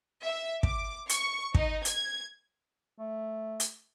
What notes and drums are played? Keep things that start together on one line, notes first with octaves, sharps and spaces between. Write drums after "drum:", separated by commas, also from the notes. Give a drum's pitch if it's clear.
E5
D6, drum: kick
C#6, drum: hi-hat
D#4, drum: kick
G#6, drum: hi-hat
A3
drum: hi-hat